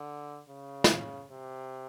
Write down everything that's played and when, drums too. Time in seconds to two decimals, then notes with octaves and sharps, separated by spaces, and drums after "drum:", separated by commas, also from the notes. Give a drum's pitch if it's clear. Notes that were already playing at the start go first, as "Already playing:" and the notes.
Already playing: D3
0.49 C#3
0.84 drum: snare
1.31 C3